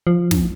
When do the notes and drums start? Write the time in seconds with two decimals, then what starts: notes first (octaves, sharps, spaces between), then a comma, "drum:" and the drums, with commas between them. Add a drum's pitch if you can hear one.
0.07 F3
0.31 drum: snare